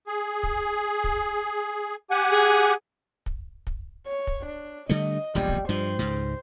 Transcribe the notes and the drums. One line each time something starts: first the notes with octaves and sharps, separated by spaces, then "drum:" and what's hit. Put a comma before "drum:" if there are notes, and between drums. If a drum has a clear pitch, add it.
G#4
drum: kick
drum: kick
G4 F#5 G#5
G#4
drum: kick
drum: kick
C#5
drum: kick
D4
D3 G3 A3 D#5
E1 A#1 G2 G3
drum: kick
G2 F3 C5
C#2 G#2